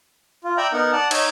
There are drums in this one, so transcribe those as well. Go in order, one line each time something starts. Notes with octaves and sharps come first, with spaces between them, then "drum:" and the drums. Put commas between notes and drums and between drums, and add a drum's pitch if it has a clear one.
F4
D5 E5 G5 A#5 B5
B3 D#4 A#4 F#5
D5 F#5 A5
D#4 C#5 E6, drum: cymbal